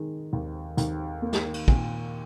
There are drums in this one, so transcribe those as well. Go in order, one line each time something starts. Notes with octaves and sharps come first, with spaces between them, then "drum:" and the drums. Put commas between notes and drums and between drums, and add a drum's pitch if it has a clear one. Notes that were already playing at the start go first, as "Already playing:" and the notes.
Already playing: D#3 G#3
D#2
D#2, drum: hi-hat
A#3
drum: snare
drum: cymbal
A#2, drum: kick